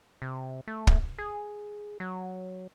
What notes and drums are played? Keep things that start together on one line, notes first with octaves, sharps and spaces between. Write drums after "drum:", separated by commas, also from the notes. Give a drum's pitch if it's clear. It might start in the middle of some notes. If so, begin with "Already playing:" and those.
C3
A3
drum: kick
G#4
F#3